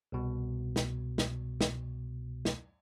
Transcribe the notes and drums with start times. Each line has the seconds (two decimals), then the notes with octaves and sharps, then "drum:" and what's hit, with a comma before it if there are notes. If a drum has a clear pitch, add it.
0.12 C2 B2
0.76 drum: snare
1.18 drum: snare
1.61 drum: snare
2.45 drum: snare